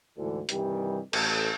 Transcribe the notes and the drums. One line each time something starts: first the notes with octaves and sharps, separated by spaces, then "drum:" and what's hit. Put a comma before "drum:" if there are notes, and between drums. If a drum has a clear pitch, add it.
D2 G#2 D3 E3
G2 C3 D#3 E3 G3, drum: hi-hat
A1 A3 A4, drum: cymbal